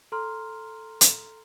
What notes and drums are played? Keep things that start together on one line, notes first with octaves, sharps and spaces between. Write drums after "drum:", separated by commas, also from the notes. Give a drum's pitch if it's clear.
A4 A#5 C6 F6
drum: hi-hat